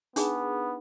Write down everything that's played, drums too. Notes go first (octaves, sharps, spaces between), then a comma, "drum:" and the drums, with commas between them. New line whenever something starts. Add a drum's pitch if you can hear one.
B3 D4 D#4 G#4, drum: hi-hat